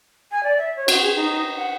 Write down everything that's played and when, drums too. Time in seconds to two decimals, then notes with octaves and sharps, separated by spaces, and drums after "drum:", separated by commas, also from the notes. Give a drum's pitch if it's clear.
0.32 G#5
0.43 D5
0.58 E5
0.76 C#5
0.88 F#4, drum: cymbal
1.02 G#4
1.16 D#4
1.32 D#4
1.57 F#5